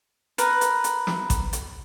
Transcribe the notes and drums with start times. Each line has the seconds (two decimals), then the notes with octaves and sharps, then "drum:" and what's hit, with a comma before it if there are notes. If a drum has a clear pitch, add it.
0.38 A#4 B4, drum: hi-hat
0.61 drum: hi-hat
0.84 drum: hi-hat
1.07 drum: snare
1.30 drum: kick A1, hi-hat
1.53 drum: hi-hat